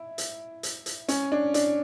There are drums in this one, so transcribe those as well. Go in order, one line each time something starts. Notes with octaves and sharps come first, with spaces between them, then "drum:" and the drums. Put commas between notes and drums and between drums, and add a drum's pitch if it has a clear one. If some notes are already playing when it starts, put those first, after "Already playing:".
Already playing: E4
drum: hi-hat
drum: hi-hat
drum: hi-hat
C#4, drum: hi-hat
D4
D4, drum: hi-hat